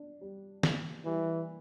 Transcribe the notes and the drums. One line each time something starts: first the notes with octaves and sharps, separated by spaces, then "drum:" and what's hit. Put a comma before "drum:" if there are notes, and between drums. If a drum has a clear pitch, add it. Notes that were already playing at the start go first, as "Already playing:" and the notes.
Already playing: D4
G3
A#3, drum: snare
E3 G3